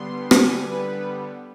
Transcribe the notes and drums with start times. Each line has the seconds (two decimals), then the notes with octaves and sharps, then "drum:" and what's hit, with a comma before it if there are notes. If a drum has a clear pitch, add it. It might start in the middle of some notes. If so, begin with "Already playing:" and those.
Already playing: D3 G3 B3 C6
0.31 G#5, drum: rim click
0.70 B4